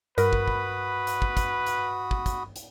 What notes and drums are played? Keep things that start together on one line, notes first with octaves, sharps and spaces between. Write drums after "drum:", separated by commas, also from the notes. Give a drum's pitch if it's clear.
G2 F#4 A#4 B4 B5 D#6, drum: hi-hat
drum: kick
drum: kick
drum: hi-hat
drum: kick
drum: kick, hi-hat
drum: hi-hat
drum: kick
drum: kick, hi-hat
drum: hi-hat